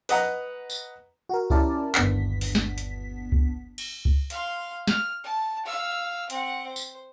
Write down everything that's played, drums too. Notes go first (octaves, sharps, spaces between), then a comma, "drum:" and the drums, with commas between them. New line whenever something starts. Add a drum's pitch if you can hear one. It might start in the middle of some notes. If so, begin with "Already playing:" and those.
B4 D#5 F#5 A#5, drum: open hi-hat
drum: tambourine
F#4 A#4
C#4 E4 G4 A#4 D5 A5, drum: kick C#2
G1 D#2 B3 D4 B6, drum: clap
drum: open hi-hat
drum: snare
drum: hi-hat
drum: kick C#2
drum: cymbal
drum: kick C#2
F5 C6, drum: hi-hat
F6, drum: snare
A5
F5 E6
C4 F#5, drum: hi-hat
C5
drum: tambourine